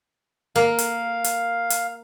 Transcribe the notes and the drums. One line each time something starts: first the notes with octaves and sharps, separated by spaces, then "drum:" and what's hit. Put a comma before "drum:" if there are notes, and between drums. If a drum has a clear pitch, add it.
A#3 F5
drum: hi-hat
drum: hi-hat
drum: hi-hat